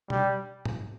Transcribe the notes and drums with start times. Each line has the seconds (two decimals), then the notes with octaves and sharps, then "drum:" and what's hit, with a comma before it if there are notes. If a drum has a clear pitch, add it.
0.10 G3, drum: tom
0.65 drum: tom G#2